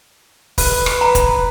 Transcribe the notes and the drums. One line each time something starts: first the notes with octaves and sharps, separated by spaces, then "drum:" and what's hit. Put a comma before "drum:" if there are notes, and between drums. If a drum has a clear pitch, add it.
B4, drum: kick, open hi-hat
drum: rim click
A#5
drum: kick, hi-hat